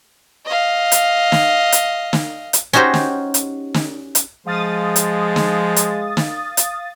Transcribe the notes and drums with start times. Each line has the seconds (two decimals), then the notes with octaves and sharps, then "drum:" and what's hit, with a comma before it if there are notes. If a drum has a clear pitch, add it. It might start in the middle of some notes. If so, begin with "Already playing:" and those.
0.46 D#5 F5
0.92 drum: hi-hat
1.32 drum: snare
1.72 drum: hi-hat
2.13 drum: snare
2.53 drum: hi-hat
2.73 C#4 D#4 F#4 G4 C5
2.94 drum: snare
3.34 drum: hi-hat
3.74 drum: snare
4.15 drum: hi-hat
4.47 F3 G#3 F5 D#6 A6
4.96 drum: hi-hat
5.36 drum: snare
5.76 drum: hi-hat
6.17 drum: snare
6.57 drum: hi-hat